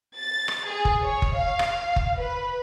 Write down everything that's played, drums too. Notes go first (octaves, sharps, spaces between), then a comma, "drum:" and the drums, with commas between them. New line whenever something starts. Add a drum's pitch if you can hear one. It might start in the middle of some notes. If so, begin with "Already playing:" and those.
A6
drum: rim click
G#4
drum: kick F#1
C#5
drum: kick F#1
F5
drum: rim click
drum: kick F#1
B4